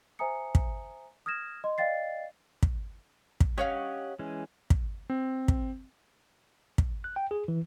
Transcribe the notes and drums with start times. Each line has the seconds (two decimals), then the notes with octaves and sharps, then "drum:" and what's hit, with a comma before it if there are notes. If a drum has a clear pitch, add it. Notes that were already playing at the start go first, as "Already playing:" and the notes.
0.19 C5 E5 G#5 A#5 D#6 C#7
0.55 drum: kick
1.26 D#6 F6 G#6 A#6 E7
1.64 D#5 C6
1.78 D5 D#5 F5 G5 A6 C7
2.63 drum: kick
3.41 drum: kick
3.58 C#4 G4 C#5 D#5 F5 F#5
4.19 E3 G#3 C#4
4.70 drum: kick
5.10 C4
5.48 drum: kick
6.78 drum: kick
7.04 F#6
7.16 G5
7.31 G#4
7.48 E3